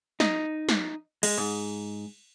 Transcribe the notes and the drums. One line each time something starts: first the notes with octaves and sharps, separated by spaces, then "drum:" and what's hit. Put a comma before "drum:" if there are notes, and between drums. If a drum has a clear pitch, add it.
D#4, drum: snare
drum: snare
G#3, drum: cymbal
G#2